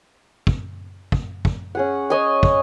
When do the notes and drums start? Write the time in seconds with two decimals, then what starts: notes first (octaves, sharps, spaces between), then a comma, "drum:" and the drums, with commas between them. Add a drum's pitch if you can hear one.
0.47 drum: kick
1.12 drum: kick
1.45 drum: kick
1.75 C#4 G#4 F#5
2.10 C#5 D#5 G#5
2.43 drum: kick